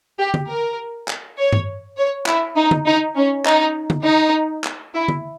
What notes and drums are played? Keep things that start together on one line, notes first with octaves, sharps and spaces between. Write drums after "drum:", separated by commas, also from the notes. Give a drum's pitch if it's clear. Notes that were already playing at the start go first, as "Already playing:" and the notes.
G4
drum: tom D3
A#4
drum: clap
C#5
drum: tom G2
C#5
E4, drum: clap
D#4
drum: tom D3
D#4
C#4
D#4, drum: clap
drum: tom D3
D#4
drum: clap
E4
drum: tom D3